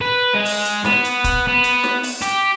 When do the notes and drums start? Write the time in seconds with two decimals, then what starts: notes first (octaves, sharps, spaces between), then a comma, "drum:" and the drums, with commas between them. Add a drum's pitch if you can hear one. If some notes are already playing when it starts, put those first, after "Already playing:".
0.01 B4
0.34 G#3
0.45 drum: open hi-hat
0.65 drum: hi-hat
0.85 B3, drum: snare
1.05 drum: hi-hat
1.24 drum: kick, hi-hat
1.47 B3
1.64 drum: hi-hat
1.84 drum: snare
2.03 drum: open hi-hat
2.22 G4, drum: hi-hat